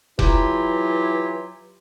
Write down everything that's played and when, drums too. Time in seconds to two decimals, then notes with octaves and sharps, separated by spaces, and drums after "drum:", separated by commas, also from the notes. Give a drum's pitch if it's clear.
0.19 E3 F#3 E4 F4 G4, drum: kick F1